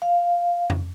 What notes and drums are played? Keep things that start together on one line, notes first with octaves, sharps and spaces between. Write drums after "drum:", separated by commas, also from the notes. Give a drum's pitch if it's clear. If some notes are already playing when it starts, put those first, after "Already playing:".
F5
drum: tom F2